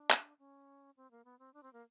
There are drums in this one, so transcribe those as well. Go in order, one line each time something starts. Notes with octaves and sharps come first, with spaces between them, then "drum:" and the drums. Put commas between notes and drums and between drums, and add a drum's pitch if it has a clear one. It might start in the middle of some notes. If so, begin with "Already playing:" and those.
Already playing: D4
drum: clap
C#4
C4
A#3
B3
C4
D4
C4
A#3